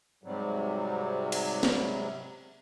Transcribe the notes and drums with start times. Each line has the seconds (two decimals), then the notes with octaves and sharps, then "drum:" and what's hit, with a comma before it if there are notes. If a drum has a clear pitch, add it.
0.24 G#2 C3 F#3 G3
1.32 drum: cymbal
1.63 drum: snare